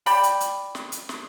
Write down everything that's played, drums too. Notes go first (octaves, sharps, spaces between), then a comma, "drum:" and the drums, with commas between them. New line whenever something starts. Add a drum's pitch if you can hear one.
D5 G5 B5, drum: open hi-hat
drum: hi-hat
drum: hi-hat
drum: snare
drum: hi-hat
drum: snare